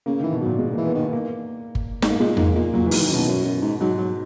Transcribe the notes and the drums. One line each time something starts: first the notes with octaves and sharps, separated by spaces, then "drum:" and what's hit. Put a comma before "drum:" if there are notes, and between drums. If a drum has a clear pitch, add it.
C#3 A#3
D#3 E3
B2
A#2 F#3
G#3
A#3
E3
B3
D#3
A#3
A#3
drum: kick G1
G#2, drum: snare
A#3
A#2 G#3
G#2 A#3, drum: tom E2
A#2 A#3
A#2 F#3
E3
G#2, drum: open hi-hat
D#3
F#2 B2
F#2
F#2
G#2
G#2 F#3
F#3